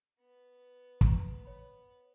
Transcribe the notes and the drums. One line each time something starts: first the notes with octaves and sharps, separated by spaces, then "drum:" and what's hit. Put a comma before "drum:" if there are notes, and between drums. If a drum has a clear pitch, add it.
B3
drum: kick
C#5 B5